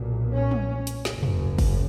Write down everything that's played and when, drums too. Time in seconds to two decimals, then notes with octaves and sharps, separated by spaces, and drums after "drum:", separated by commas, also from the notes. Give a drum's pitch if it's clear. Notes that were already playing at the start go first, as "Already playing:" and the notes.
Already playing: B1 A#2
0.33 C#4
0.51 drum: tom
0.87 drum: hi-hat
1.05 F#1 F#2 C#3, drum: snare
1.23 drum: tom
1.58 drum: kick, open hi-hat